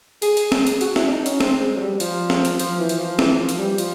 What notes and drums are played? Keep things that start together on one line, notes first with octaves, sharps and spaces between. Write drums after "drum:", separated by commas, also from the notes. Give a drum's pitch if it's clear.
G#4, drum: hi-hat
drum: hi-hat
drum: snare
drum: hi-hat
F#4, drum: hi-hat
E4, drum: snare
D4
D#4
C#4, drum: hi-hat
C4, drum: snare
G#3
F#3
G3
F3, drum: hi-hat
drum: snare
drum: hi-hat
F3, drum: hi-hat
E3
drum: hi-hat
F3
E3, drum: snare
F3
drum: hi-hat
G3
F3, drum: hi-hat